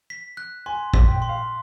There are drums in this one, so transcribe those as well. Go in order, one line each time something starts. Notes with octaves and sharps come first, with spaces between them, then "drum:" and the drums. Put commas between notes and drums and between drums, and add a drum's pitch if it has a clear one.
B6
F#6
G#5 C6
B6, drum: kick A1
G5
C6
F5